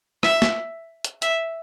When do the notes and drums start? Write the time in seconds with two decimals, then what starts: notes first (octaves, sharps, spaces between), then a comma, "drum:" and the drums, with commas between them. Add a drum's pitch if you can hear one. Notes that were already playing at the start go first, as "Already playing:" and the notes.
0.23 E5, drum: rim click
0.42 drum: snare
1.04 drum: hi-hat
1.22 E5, drum: hi-hat